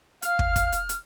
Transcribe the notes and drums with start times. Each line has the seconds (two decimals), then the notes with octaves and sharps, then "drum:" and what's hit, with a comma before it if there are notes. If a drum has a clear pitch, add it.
0.22 F5 F6, drum: hi-hat
0.39 drum: kick
0.56 drum: kick, hi-hat
0.72 drum: hi-hat
0.89 drum: hi-hat